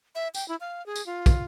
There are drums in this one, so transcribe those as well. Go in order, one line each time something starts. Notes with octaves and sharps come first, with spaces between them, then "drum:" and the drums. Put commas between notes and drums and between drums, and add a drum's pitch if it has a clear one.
E5
G5, drum: tambourine
E4
F5
G#4
drum: tambourine
F4
drum: kick, tambourine